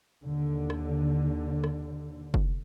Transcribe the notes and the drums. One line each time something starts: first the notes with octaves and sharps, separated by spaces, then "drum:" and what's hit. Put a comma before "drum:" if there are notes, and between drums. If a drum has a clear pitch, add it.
D#2 D3
drum: rim click
drum: rim click
drum: kick